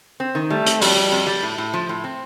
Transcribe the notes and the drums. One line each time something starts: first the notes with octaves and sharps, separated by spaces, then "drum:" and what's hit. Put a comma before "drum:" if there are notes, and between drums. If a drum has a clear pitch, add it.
C4
D#3
G3 A3
C4, drum: hi-hat
F2 G3, drum: open hi-hat
F2
F2
G3
A2
A2
F3
A2
C4